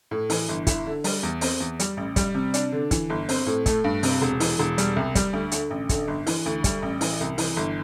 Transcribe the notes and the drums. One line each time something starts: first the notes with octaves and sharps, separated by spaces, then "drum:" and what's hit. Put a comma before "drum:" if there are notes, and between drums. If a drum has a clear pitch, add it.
A2
E3, drum: open hi-hat
G1
E4, drum: kick, hi-hat
D3
G3, drum: open hi-hat
E2
C4, drum: open hi-hat
E2
G3, drum: hi-hat
A1
G3, drum: kick, hi-hat
C3
D4, drum: hi-hat
D3
E3, drum: kick, hi-hat
G1
C4, drum: open hi-hat
A2
A3, drum: kick, hi-hat
G2
C3, drum: open hi-hat
E1
E3, drum: open hi-hat
E1
G3, drum: hi-hat
C2
G3, drum: kick, hi-hat
D2
D3, drum: hi-hat
A1
D3, drum: kick, hi-hat
G1
E3, drum: open hi-hat
D2
G3, drum: kick, hi-hat
A1
E3, drum: open hi-hat
C2
E3, drum: open hi-hat
G1